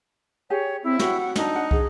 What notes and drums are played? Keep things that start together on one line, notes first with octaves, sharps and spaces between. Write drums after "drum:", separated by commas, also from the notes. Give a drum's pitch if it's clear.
G4 G#4 C#5 G#5
C4 E4
F#4 G4 C#5 F#5, drum: snare
D4 D#4, drum: snare
F#5
G#4, drum: kick